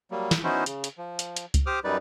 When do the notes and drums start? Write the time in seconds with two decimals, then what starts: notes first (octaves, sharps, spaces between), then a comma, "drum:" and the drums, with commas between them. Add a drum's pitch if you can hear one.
0.11 F#3 G3 A#3
0.31 drum: snare
0.44 B3 C#4 D#4 E4 F#4 C5
0.66 C#3, drum: hi-hat
0.84 drum: hi-hat
0.98 F3
1.19 drum: hi-hat
1.37 drum: hi-hat
1.54 drum: kick C#2, hi-hat
1.66 G4 C5 D6 D#6 F6
1.84 F#2 G3 D#4 B4 D5